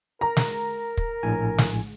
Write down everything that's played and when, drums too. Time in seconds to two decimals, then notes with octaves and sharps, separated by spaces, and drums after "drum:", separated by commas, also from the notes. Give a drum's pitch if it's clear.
0.21 A#4 A#5
0.37 drum: snare
0.97 drum: kick
1.23 A#1 A2 G#5
1.58 drum: snare